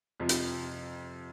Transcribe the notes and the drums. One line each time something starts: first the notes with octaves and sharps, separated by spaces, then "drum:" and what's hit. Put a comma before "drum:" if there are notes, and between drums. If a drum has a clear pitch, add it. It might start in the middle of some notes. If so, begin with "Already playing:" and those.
F2 C3 F3
drum: hi-hat